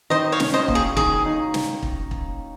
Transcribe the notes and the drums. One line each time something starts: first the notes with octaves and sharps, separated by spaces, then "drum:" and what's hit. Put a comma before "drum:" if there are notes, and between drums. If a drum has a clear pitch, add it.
D#3 C5 D#5
C#5 F5
C#4, drum: snare
C5 D#5
A#3, drum: kick
G#4
D#3 G#4, drum: kick
D#4
drum: snare
drum: kick
drum: kick